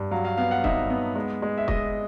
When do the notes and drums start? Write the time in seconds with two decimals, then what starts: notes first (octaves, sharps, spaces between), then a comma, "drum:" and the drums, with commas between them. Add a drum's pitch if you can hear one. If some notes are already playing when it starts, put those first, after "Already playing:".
Already playing: G2
0.11 F#3 F5
0.25 F5
0.37 B3 F5
0.51 F#5
0.64 D#4 E5, drum: kick
0.90 B3
1.15 G#3
1.42 G#3
1.58 E5
1.68 G#3 D#5, drum: kick